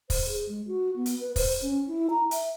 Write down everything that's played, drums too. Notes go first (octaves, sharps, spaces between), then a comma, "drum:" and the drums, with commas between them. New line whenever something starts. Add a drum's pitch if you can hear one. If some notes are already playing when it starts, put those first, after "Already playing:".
C5, drum: kick, open hi-hat
G#4
G#3
F#4
B3
drum: hi-hat
B4
C5, drum: kick, open hi-hat
C#4
E4
A#5
E5, drum: hi-hat